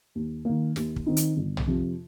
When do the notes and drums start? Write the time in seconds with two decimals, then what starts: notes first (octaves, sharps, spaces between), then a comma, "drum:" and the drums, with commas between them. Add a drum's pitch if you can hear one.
0.15 D#2
0.45 D#3 A#3
0.76 D#2, drum: snare
0.96 drum: kick
1.06 D#3 C4 D#4
1.17 drum: hi-hat
1.37 G1
1.57 drum: tom
1.67 F2 C3 F3